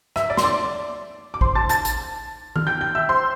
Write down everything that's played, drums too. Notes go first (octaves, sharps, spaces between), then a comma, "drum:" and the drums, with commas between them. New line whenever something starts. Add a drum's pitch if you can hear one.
E5 E6, drum: rim click
D5 D6
C6, drum: snare
D5 D6
D6
C5 C6, drum: kick A1
A5 A6
A5 A6, drum: hi-hat
drum: hi-hat
F6, drum: tom D#3
G5 G6
G5 G6
E5 E6
C5 C6